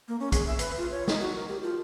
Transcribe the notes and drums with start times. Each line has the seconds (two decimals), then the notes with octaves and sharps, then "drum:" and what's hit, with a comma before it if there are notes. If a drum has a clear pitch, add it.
0.08 A#3
0.20 C#4
0.32 G#4, drum: kick, hi-hat
0.47 E5
0.59 B4, drum: hi-hat
0.78 F4
0.91 C#5
1.08 D#4, drum: snare
1.20 F#4
1.36 A#4
1.49 G4
1.62 F4